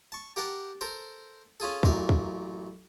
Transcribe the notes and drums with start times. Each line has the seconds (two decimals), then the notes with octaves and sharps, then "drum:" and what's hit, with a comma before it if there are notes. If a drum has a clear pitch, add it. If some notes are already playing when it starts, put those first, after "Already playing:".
0.12 A5 C#6
0.36 G4 A#4 F#5 G5 A5
0.81 A4 A#4 C5
1.60 C#4 F4 G#4 A4
1.83 A1 F#2 A#2 E5 F5, drum: kick
2.09 drum: kick